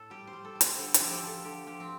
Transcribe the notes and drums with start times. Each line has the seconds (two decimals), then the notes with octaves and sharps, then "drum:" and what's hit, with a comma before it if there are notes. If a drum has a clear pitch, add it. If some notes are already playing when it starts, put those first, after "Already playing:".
Already playing: A2 A4
0.10 G3 G4
0.27 C5
0.33 G3
0.45 A4
0.55 G3
0.61 C5, drum: hi-hat
0.78 D3 A4
0.94 A4, drum: hi-hat
0.99 F3
1.05 G4
1.11 A4
1.23 F3 A4
1.44 D3 G4
1.67 F3 G4
1.80 C4